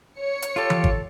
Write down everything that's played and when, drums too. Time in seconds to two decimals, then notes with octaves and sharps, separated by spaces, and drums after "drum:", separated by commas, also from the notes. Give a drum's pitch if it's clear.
0.16 C#5 C#7
0.42 drum: hi-hat
0.56 F4 G4 A4
0.70 drum: tom E3
0.84 drum: kick G#1